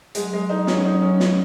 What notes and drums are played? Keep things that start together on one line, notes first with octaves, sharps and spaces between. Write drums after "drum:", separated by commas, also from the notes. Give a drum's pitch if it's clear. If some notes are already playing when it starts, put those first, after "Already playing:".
F#3 G#3, drum: hi-hat
F#3 G#3
F#3 D#4
F#3 C#4, drum: snare
F#3 D#4
F#3 C#4
F#3, drum: snare